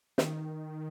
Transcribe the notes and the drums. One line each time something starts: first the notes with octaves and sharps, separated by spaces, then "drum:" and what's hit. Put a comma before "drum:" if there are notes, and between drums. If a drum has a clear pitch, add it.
D#3, drum: snare